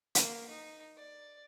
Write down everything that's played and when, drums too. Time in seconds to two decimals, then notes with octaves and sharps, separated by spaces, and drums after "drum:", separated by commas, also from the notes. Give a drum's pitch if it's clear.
0.15 A#3, drum: hi-hat
0.49 D#4
0.97 D5